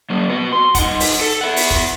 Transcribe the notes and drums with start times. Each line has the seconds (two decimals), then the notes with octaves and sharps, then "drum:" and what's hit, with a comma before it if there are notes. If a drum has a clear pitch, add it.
0.10 F#3 A#3
0.30 B3 F#4
0.53 C6
0.75 D#4 F#5, drum: kick, hi-hat
1.00 drum: open hi-hat
1.21 A4
1.41 E4 F#5
1.56 drum: open hi-hat
1.70 drum: kick